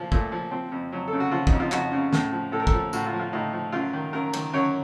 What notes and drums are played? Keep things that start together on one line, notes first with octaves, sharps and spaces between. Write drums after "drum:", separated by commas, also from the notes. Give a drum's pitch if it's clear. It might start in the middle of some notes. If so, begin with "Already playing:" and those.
Already playing: A#2 F3 F4
A#2 A3, drum: kick
F3
F3 C4
F2
F2 F#3
C#3 A4
F#4
F3 F4
D#4, drum: kick
F2
F4
F2 F#4, drum: clap
C#3
A2, drum: snare
F3
A2 A4
A#4
A4, drum: kick
F3
A2 F#4, drum: tambourine
F4
F3
F4
A2 D#4
F3
F#2 F4
D#3
F#2 A#4
D#3, drum: cymbal
F#2 C#5